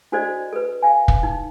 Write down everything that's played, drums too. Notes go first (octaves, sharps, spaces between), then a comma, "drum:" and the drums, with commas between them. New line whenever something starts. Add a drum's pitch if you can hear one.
D4 F#4 A4 C5 D5 D#5
A4 B4
F5 G#5
drum: kick
D#4